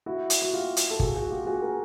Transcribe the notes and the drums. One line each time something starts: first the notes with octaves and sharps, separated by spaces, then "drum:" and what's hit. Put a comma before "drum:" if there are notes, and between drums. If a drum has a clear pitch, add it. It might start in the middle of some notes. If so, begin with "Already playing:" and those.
E4 F#4
drum: hi-hat
F#4
F4 G4
drum: hi-hat
A4
F#4 G#4, drum: kick
F#4 G#4
F4 G4
G4
F#4 G#4
G#4 A#4